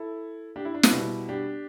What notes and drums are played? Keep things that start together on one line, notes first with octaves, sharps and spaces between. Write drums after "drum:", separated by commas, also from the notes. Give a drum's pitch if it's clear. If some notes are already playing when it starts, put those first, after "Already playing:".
Already playing: E4 A4
D4 G4
E4
D4
E4, drum: snare
B2 G3 B3
D4 G4